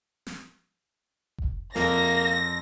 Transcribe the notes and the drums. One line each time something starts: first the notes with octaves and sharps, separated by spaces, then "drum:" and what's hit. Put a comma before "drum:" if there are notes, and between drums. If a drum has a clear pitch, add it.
drum: snare
drum: kick F1
F2 A#3 A#6, drum: snare